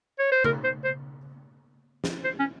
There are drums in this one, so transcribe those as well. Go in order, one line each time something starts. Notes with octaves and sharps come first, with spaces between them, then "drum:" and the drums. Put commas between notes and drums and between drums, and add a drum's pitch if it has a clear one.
C#5
C5
A#4, drum: tom C#3
C5
C5
drum: snare
C5
C#4